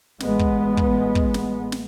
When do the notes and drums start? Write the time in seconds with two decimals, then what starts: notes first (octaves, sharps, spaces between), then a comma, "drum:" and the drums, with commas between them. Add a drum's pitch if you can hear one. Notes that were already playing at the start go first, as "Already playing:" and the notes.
0.20 A1 G#3 B3, drum: snare
0.39 drum: kick
0.77 drum: kick
1.15 drum: kick
1.34 drum: snare
1.72 drum: snare